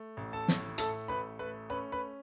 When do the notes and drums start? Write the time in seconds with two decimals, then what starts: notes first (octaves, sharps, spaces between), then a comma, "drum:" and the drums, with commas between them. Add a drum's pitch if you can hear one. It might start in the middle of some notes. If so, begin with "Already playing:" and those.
Already playing: A3
0.17 A1
0.33 A4 A5
0.48 A2, drum: snare
0.78 A3 A4 A5, drum: hi-hat
1.08 A1 B4 B5
1.39 A3 B4 B5
1.70 C#4 B4 B5
1.92 B4 B5